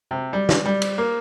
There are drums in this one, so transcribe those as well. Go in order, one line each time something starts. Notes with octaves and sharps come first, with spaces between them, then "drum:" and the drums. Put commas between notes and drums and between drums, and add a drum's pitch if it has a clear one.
C3
G3
drum: snare
G3
drum: cymbal
A#3